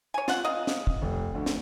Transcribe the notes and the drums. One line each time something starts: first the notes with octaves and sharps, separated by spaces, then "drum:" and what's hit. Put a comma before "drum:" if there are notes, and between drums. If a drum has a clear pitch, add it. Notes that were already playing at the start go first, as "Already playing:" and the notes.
C#5 G#5
F4 F#5, drum: snare
D#5 F5
drum: snare
drum: kick
F1
D2 D3
drum: snare